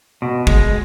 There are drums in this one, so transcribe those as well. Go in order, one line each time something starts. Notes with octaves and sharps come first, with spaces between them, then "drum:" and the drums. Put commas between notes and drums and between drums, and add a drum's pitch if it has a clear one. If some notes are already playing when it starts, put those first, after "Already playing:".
B2
G#3, drum: kick